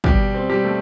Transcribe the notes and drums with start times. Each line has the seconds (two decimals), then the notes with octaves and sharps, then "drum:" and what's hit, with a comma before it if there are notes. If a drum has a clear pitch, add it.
0.04 B2 G3 G4, drum: kick
0.34 C4
0.49 G3 G4
0.65 A3